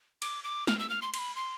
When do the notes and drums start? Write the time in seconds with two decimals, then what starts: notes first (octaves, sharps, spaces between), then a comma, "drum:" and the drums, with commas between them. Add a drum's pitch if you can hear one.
0.22 D6, drum: cymbal
0.44 D6
0.67 F6, drum: snare
0.79 E6
0.90 F6
1.02 C6
1.14 C6, drum: cymbal
1.18 B5
1.36 C6